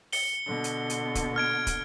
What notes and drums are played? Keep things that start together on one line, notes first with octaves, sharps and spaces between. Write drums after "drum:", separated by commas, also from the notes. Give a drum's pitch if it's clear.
C#7 G7, drum: open hi-hat
B2 D3
drum: hi-hat
drum: hi-hat
drum: kick, hi-hat
F6 G#6 D7
drum: kick, hi-hat